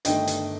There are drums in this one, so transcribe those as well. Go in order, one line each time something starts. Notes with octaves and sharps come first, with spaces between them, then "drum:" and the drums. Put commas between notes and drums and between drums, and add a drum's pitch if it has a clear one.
G1 G2 D#3 A3 D#5 G5, drum: hi-hat
drum: hi-hat